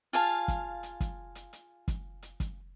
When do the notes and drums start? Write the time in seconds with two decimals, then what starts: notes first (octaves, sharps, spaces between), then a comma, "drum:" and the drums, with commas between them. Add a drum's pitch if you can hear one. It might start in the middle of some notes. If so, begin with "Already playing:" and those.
0.13 F4 G#4 F5 A5
0.48 drum: kick, hi-hat
0.83 drum: hi-hat
1.00 drum: kick, hi-hat
1.35 drum: hi-hat
1.53 drum: hi-hat
1.88 drum: kick, hi-hat
2.22 drum: hi-hat
2.40 drum: kick, hi-hat